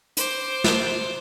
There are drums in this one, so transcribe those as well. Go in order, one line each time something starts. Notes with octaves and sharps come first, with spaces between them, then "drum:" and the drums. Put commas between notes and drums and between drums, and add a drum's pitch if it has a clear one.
C5 D6, drum: hi-hat
drum: snare